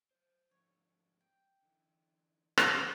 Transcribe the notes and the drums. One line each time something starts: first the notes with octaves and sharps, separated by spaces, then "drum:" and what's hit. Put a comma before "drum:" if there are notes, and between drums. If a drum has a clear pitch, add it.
F#3 C5
G#2 D3 F3 C#5
G5
D3 E3
drum: rim click